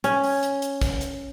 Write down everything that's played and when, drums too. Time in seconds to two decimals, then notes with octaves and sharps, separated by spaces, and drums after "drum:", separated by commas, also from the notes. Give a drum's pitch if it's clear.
0.04 C#4, drum: hi-hat
0.23 drum: open hi-hat
0.43 drum: hi-hat
0.62 drum: hi-hat
0.81 drum: kick, hi-hat
1.01 drum: hi-hat